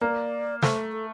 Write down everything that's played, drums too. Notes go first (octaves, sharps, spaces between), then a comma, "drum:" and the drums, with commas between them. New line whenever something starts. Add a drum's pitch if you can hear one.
A#3 D5
A3 C5, drum: snare
A4